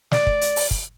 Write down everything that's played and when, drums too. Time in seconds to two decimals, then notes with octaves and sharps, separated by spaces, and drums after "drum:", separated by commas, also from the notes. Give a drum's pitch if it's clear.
0.11 D5, drum: snare
0.27 drum: kick
0.41 drum: hi-hat
0.56 drum: open hi-hat
0.71 drum: kick